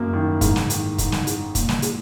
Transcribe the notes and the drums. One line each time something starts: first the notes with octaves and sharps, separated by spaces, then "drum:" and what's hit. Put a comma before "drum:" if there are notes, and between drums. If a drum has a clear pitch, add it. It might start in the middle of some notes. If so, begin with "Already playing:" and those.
Already playing: F#1 F#2 A#3
D#3
G#2, drum: kick, hi-hat
drum: snare
D#3, drum: hi-hat
D#4, drum: kick, hi-hat
drum: snare
G#3, drum: hi-hat
A#2, drum: kick, hi-hat
drum: snare
G#3, drum: hi-hat